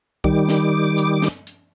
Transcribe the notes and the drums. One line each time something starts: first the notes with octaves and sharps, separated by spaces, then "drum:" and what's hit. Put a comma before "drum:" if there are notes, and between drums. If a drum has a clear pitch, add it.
D#3 G3 D6, drum: kick C2
drum: snare
drum: hi-hat
drum: snare
drum: hi-hat